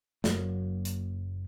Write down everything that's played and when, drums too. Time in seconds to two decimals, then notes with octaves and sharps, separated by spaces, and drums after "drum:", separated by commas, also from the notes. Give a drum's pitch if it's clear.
0.24 F#1 F#3 A#3, drum: snare
0.85 drum: hi-hat